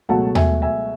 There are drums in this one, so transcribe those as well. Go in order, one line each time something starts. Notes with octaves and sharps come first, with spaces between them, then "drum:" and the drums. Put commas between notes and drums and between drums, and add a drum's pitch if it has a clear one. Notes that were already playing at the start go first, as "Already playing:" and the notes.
C#2 B2 F#3 A3 F#5 A5
E5 G#5, drum: tom D#2
E5 G#5